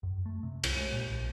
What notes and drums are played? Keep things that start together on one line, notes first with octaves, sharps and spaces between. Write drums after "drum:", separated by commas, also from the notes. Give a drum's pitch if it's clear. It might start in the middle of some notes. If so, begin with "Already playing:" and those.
F#2
A3
C3
C2, drum: cymbal
G#3
A#2
A#1